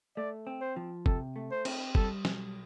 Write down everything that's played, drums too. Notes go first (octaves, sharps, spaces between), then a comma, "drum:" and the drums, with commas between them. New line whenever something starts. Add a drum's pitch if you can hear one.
A3 D5
C4
C5
F3
C3 A4, drum: kick
A3
C5
C4, drum: cymbal
G3 A4, drum: kick
B1, drum: snare